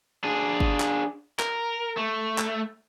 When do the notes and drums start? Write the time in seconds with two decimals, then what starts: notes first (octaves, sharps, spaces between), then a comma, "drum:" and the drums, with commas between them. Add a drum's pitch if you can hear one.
0.24 D4 G#4
0.60 drum: kick G1
0.80 drum: clap
1.39 A#4, drum: clap
1.97 A3
2.38 drum: clap